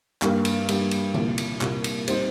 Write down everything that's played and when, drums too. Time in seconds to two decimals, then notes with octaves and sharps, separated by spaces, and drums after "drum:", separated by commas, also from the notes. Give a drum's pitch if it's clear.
0.22 G2 G3 A#3 G4, drum: clap
0.45 drum: cymbal
0.69 G2 G3 A#3 G4, drum: cymbal
0.91 drum: cymbal
1.14 C2 A#2 G3 A#3, drum: tom D3
1.38 drum: cymbal
1.61 C2 A#2 G3 A#3, drum: clap
1.84 drum: cymbal
2.08 G3 C4 D#4 C5, drum: cymbal